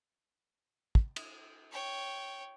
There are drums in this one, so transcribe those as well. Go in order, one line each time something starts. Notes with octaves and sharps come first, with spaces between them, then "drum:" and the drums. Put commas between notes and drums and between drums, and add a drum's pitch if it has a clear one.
drum: kick
drum: cymbal
C#5 G5